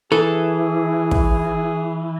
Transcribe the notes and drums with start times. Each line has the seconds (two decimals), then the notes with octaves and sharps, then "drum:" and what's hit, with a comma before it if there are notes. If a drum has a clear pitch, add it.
0.12 E3 E4 G#4 A4
1.11 drum: kick